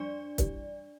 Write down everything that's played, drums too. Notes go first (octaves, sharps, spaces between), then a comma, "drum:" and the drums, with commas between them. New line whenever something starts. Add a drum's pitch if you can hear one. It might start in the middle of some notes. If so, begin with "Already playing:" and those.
Already playing: F2 G3 D4 D5
F2 E3 G3, drum: kick, hi-hat